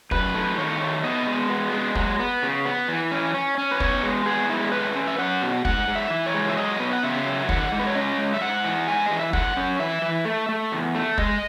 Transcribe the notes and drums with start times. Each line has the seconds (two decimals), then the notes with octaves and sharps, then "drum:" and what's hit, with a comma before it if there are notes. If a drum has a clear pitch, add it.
0.11 F#2 B4, drum: kick
0.34 A3
0.57 D#3 C#5
0.80 A3
1.04 B3 D#5
1.27 G#3
1.50 B3
1.73 G#3
1.95 F#3, drum: kick
2.19 B3
2.43 C#3
2.65 B3
2.88 E3
3.12 C#4
3.35 C#4
3.58 C#4
3.71 B4
3.80 B3 C#5, drum: kick
4.03 G#3
4.26 B3 G#4
4.49 G#3 E4
4.72 A3 B4
4.96 C#4
5.07 E5
5.18 C#4 F#5
5.42 B2
5.65 G#2 F#5, drum: kick
5.88 G#2
5.95 E5
6.10 E3
6.26 C#5
6.34 G#3
6.49 E5
6.57 F#3 D#5
6.80 B3
6.93 F#5
7.03 C#3 E5
7.26 F#3
7.49 D#3 F#5, drum: kick
7.72 G#3
7.79 B4
7.87 C#5
7.95 C#4 D#5
8.18 G#3
8.34 E5
8.41 G#2 F#5
8.64 E3
8.88 G#2 G#5
9.06 E3 D#5
9.19 E5
9.33 A2 F#5, drum: kick
9.57 C#4
9.79 E3 E5
10.02 E3
10.25 A3
10.49 A3
10.72 E2
10.95 A3
11.18 G#3 D#5, drum: kick